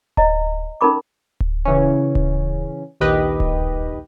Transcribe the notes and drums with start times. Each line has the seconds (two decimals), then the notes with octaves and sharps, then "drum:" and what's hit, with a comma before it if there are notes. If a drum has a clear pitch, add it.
0.17 C#5 D#5 A#5, drum: kick D1
0.81 C#4 D#4 A4 A#4 B5 D6
1.40 drum: kick D1
1.65 C#3 E3 C#4
2.15 drum: kick D1
3.00 A#1 D#2 D#3 G4 B4 D#5
3.40 drum: kick D1